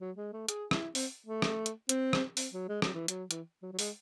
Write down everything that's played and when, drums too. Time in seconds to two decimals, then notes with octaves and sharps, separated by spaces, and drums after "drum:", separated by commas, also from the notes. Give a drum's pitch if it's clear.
0.01 F#3
0.17 G#3
0.33 A3
0.49 G#4, drum: hi-hat
0.71 E4, drum: rim click
0.95 C4, drum: open hi-hat
1.26 A3
1.42 drum: rim click
1.66 drum: hi-hat
1.89 C4, drum: hi-hat
2.13 drum: rim click
2.37 C4, drum: open hi-hat
2.53 F#3
2.69 G#3
2.82 F#3, drum: rim click
2.95 E3
3.08 F#3, drum: hi-hat
3.31 E3, drum: hi-hat
3.63 F#3
3.73 F#3
3.79 G#3, drum: open hi-hat